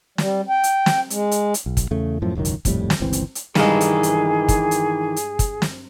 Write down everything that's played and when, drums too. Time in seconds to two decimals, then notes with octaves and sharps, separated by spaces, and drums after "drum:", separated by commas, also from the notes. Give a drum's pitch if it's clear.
0.18 G3, drum: snare
0.49 G5
0.64 drum: hi-hat
0.86 drum: snare
1.10 G#3, drum: hi-hat
1.31 drum: hi-hat
1.54 drum: hi-hat
1.66 B1
1.77 drum: kick, hi-hat
1.91 E2 C#3 A3
2.22 F#2 A2 F3
2.35 E1 C#2 F#2 D#3
2.45 drum: hi-hat
2.65 D#1 F2 A2 G3, drum: kick, hi-hat
2.90 drum: snare
3.00 G1 C#2 E3 C4
3.13 drum: hi-hat
3.35 drum: hi-hat
3.55 G2 D#3 E3 G#3 G#4 A4, drum: snare
3.81 drum: hi-hat
4.03 drum: hi-hat
4.48 drum: kick, hi-hat
4.71 drum: hi-hat
5.16 drum: hi-hat
5.39 drum: kick, hi-hat
5.62 drum: snare